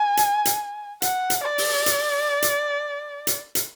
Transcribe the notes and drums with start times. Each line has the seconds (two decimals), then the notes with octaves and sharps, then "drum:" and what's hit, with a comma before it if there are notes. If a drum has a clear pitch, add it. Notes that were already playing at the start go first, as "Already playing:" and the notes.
Already playing: G#5
0.17 drum: hi-hat
0.45 drum: hi-hat
1.02 F#5, drum: hi-hat
1.30 drum: hi-hat
1.44 D5
1.58 drum: open hi-hat
1.86 drum: hi-hat
2.42 drum: hi-hat
3.27 drum: hi-hat
3.55 drum: hi-hat